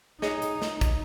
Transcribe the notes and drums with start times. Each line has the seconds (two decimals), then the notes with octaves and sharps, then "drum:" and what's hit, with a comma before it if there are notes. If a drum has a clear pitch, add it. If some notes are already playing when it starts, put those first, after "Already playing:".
0.22 D#4 G#4 C#5 D#5, drum: snare
0.42 drum: hi-hat
0.62 drum: snare
0.81 drum: kick, hi-hat